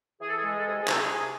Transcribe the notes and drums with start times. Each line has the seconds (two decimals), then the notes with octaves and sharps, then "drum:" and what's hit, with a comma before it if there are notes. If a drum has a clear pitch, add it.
0.21 E3 G#4
0.28 A4
0.37 G#4
0.43 G#3 A4
0.51 G#4
0.59 A4
0.66 C3 G#4
0.74 A4
0.82 G#4
0.88 C3 A4, drum: clap
0.97 G#4
1.10 C3 G#4